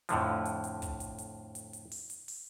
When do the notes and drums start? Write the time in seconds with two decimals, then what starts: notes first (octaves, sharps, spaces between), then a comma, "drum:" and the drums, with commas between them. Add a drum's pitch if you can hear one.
0.09 F2 A2 D3 F3, drum: hi-hat
0.45 drum: hi-hat
0.64 drum: hi-hat
0.82 drum: kick, hi-hat
1.00 drum: hi-hat
1.18 drum: hi-hat
1.55 drum: hi-hat
1.73 drum: hi-hat
1.92 drum: open hi-hat
2.10 drum: hi-hat
2.28 drum: open hi-hat